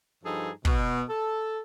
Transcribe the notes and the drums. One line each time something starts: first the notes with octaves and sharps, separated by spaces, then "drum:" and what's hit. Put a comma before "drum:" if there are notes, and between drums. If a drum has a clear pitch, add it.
G2 F3 D#4 G#4 A4
B2, drum: kick
A4